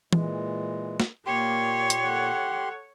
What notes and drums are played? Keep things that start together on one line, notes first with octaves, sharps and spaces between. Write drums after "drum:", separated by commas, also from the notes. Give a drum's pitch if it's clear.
A#2 E3 G#3, drum: tom E3
drum: snare
A#2 A#3 G4 C#5 C6
drum: hi-hat
A4 F#5